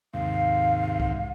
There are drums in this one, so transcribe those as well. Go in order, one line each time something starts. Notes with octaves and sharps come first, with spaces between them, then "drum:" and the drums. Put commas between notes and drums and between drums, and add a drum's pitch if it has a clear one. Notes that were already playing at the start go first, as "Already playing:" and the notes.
D#2 G#2 C3 F5
drum: kick C2